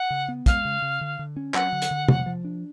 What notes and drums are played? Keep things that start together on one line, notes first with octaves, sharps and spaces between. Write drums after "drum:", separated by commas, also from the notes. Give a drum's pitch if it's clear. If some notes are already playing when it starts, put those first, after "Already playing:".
Already playing: F#5
C#3
B3
G#3 F5, drum: kick, hi-hat
C#3
C#3
D3
D3
C#4
F#3 F#5, drum: clap
D3
drum: hi-hat
D3
F3, drum: tom
F3
D4